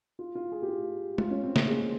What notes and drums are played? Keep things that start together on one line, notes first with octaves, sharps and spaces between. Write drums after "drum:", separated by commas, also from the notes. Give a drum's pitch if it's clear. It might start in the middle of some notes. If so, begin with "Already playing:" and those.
F4
F4
G#4
G4
F4
F4, drum: tom G#3
C#4
C4
A#3, drum: snare
G#3